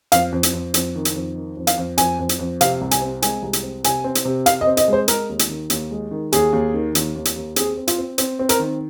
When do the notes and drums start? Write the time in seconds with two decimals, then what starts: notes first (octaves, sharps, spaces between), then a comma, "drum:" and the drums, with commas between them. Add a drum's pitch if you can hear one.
0.12 F2 F5, drum: hi-hat
0.32 F2
0.43 drum: hi-hat
0.53 F2
0.74 F2, drum: hi-hat
0.95 D#3
1.05 drum: hi-hat
1.15 F2
1.36 D#3
1.57 F2
1.67 F5, drum: hi-hat
1.77 F2
1.98 F2 G#5, drum: hi-hat
2.19 F2
2.29 drum: hi-hat
2.39 F2
2.61 C3 F5, drum: hi-hat
2.81 C2
2.91 G#5, drum: hi-hat
3.02 C4
3.22 G#3 G#5, drum: hi-hat
3.42 C2
3.53 drum: hi-hat
3.63 C4
3.84 C3 G#5, drum: hi-hat
4.04 C4
4.15 drum: hi-hat
4.25 C3
4.46 C3 F5, drum: hi-hat
4.61 D#5
4.67 C4
4.77 D#5, drum: hi-hat
4.88 G#3 C5
5.08 G#3 A#4, drum: hi-hat
5.29 D#2
5.39 drum: hi-hat
5.49 D#3
5.70 D#2, drum: hi-hat
5.91 G#3
6.11 D#3
6.32 D#2 G#4, drum: hi-hat
6.53 D#2
6.74 D#3
6.95 D#2, drum: hi-hat
7.15 D#2
7.25 drum: hi-hat
7.36 D#2
7.56 C4 G#4, drum: hi-hat
7.77 C4
7.88 F4, drum: hi-hat
7.98 C4
8.18 C4, drum: hi-hat
8.39 C4
8.49 A#4, drum: hi-hat
8.59 D#3